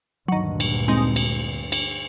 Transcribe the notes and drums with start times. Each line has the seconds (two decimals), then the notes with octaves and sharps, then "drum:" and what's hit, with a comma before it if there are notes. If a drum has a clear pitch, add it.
0.28 D2 G2 A#2 D#3 F#3
0.60 drum: cymbal
0.88 G#3 C4 D#4
1.16 drum: cymbal
1.72 drum: cymbal